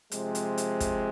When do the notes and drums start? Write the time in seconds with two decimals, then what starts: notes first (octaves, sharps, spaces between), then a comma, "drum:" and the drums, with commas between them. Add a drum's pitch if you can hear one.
0.11 C3 F3 G#3, drum: hi-hat
0.35 drum: hi-hat
0.58 drum: hi-hat
0.80 drum: kick, hi-hat